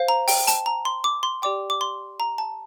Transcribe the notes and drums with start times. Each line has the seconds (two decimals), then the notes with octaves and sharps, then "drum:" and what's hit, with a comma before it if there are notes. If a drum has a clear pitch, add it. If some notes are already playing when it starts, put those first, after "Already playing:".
Already playing: C5 F5
0.08 A#5
0.28 G5, drum: open hi-hat
0.47 A5, drum: hi-hat
0.66 A#5
0.85 C6
1.04 D6
1.23 C6
1.42 G4 D5 G5 D6
1.70 D6
1.81 C6
2.20 A#5
2.38 A5